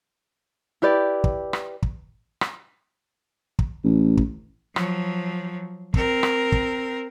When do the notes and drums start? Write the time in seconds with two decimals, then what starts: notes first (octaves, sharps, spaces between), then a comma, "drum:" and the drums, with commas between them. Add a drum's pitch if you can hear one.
0.82 E4 G4 B4 D5
1.24 drum: kick
1.53 drum: rim click
1.83 drum: kick
2.41 drum: rim click
3.59 drum: kick
3.84 A1
4.17 drum: kick
4.76 F3 F#3, drum: rim click
5.94 C4 A#4, drum: kick
6.23 drum: rim click
6.52 drum: kick